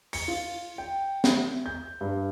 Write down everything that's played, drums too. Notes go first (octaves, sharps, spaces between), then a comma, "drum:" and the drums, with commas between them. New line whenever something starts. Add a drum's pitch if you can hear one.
C#7, drum: open hi-hat
F4
G5
E5, drum: snare
G6
G2